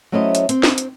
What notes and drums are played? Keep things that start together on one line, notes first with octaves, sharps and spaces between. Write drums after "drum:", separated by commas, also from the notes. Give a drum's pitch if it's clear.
F#3 A3 C#4 E4 C5 D#5
drum: hi-hat
C4, drum: hi-hat
drum: snare
drum: hi-hat